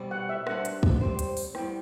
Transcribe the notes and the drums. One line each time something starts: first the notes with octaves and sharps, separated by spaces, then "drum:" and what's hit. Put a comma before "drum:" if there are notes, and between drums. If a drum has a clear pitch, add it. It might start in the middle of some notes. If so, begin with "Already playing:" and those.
Already playing: B2 G3 C4
F#5
E5
G3 D4 A4 C5 F#5, drum: rim click
drum: hi-hat
drum: kick
G3 C4 G4 C5
drum: hi-hat
drum: open hi-hat
G3 B3 E4 G5, drum: rim click